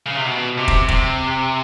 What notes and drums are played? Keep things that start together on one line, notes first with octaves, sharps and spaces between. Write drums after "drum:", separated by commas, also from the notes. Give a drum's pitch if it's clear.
C#3
C3
B2
C3
drum: kick
C3, drum: kick